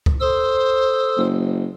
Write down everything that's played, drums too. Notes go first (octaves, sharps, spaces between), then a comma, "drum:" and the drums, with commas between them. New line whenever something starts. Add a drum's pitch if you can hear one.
drum: kick C#2
A4 C5 D#6 E6
F#1